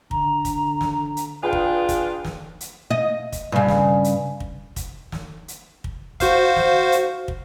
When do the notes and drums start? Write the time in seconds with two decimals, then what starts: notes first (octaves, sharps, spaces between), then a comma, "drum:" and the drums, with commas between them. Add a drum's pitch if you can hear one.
0.11 D3 A#5, drum: kick
0.45 drum: kick, hi-hat
0.81 drum: snare
1.17 drum: hi-hat
1.43 D4 F4 G#4 B4 G5
1.53 drum: kick
1.89 drum: kick, hi-hat
2.25 drum: snare
2.61 drum: hi-hat
2.90 D#5
3.32 drum: kick, hi-hat
3.52 G2 C#3
3.68 drum: snare
4.04 drum: hi-hat
4.40 drum: kick
4.76 drum: kick, hi-hat
5.12 drum: snare
5.48 drum: hi-hat
5.84 drum: kick
6.20 F#4 C5 F5, drum: kick, hi-hat
6.56 drum: snare
6.92 drum: hi-hat
7.28 drum: kick